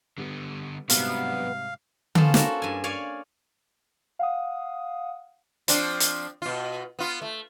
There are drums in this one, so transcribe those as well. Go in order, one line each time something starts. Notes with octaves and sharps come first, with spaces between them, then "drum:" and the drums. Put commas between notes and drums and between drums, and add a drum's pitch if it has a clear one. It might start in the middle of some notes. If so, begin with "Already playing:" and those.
D3 G3 B3
G#2 C3 F#3 G3 B3 D4 F5, drum: hi-hat
A#3 B3 C#4 F4 A4 C5, drum: tom D3
A#3 E4 F#4 A4 A#4, drum: snare
G2 G#5
C#5 D5 F5 G#5
F5 F#5 D#6
F3 C4 D4, drum: hi-hat
drum: hi-hat
B2 F4
B3 F4
A3